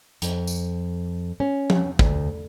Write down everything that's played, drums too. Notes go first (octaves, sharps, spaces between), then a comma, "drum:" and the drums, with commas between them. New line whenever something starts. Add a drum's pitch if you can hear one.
F2, drum: hi-hat
drum: tambourine
C#4
drum: tom F3
D2, drum: kick